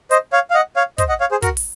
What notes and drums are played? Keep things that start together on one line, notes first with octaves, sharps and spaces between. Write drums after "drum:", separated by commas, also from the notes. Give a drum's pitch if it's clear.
C5 D#5, drum: hi-hat
C#5 F5
F5
D#5 F#5
C#5 F5
C5 D#5, drum: kick, hi-hat
D#5 F#5
C#5 F5
G#4 C5
F#4 A#4, drum: kick, hi-hat
drum: open hi-hat